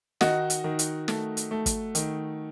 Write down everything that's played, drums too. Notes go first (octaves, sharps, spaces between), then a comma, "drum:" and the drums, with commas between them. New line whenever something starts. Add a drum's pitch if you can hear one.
D#3 D#4 F#4, drum: snare
drum: hi-hat
D#3
drum: hi-hat
A3, drum: snare
drum: hi-hat
A3
drum: kick, hi-hat
D#3, drum: hi-hat